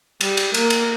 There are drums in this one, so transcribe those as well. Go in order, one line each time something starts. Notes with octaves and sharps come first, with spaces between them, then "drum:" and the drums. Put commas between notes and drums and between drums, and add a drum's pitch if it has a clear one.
G3, drum: cymbal
drum: cymbal
A#3, drum: cymbal
drum: cymbal